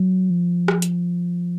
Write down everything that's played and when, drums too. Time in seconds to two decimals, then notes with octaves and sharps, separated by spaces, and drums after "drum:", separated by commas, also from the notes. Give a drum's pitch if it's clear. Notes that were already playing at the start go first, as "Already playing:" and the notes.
Already playing: F#3
0.30 F3
0.68 drum: rim click
0.82 drum: hi-hat